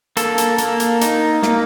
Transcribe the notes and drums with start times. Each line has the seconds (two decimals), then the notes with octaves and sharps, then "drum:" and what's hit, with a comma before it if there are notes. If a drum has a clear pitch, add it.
0.17 A#3 A4, drum: hi-hat
0.38 drum: hi-hat
0.58 A#3, drum: hi-hat
0.80 drum: hi-hat
1.01 D#4, drum: hi-hat
1.43 A#3, drum: snare